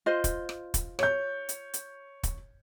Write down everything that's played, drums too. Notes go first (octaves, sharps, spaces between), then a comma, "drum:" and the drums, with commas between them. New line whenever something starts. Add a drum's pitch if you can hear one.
F4 C5 D#5
drum: kick, hi-hat
drum: rim click
drum: kick, hi-hat
C#5 G6, drum: rim click
drum: hi-hat
drum: hi-hat
drum: kick, hi-hat